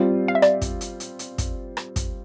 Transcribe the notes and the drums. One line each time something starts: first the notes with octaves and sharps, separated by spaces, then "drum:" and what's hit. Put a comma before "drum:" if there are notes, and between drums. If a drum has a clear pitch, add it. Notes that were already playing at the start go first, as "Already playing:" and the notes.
Already playing: G3 C4 F4
F5
E5
D5, drum: rim click
drum: kick, hi-hat
drum: hi-hat
drum: hi-hat
drum: hi-hat
drum: kick, hi-hat
drum: rim click
drum: kick, hi-hat